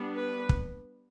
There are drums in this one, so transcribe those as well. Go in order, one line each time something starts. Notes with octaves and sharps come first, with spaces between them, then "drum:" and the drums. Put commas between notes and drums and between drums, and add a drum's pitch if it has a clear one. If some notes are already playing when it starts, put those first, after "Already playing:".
Already playing: G3 B3 D4
B4
drum: kick